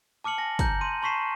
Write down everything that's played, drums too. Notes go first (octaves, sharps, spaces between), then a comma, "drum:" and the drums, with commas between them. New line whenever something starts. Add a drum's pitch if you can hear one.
A5 D6 F6 C#7 F#7
G#5 A#6
A#5 G6, drum: kick, hi-hat
C6 D#7
A5 C6 C#6 B6 C7 E7